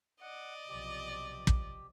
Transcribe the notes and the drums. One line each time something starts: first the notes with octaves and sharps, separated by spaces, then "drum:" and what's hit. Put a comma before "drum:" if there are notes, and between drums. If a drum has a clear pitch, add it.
D5 D#5 F#5
B1 C3 F3 G4
drum: kick